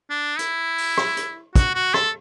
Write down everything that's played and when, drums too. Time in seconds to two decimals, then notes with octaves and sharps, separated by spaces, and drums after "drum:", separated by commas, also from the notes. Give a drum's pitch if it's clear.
0.10 D4
0.39 E4, drum: hi-hat
0.78 drum: open hi-hat
0.97 drum: rim click
1.17 drum: hi-hat
1.56 F#4, drum: kick, hi-hat
1.75 F#4
1.94 A4, drum: rim click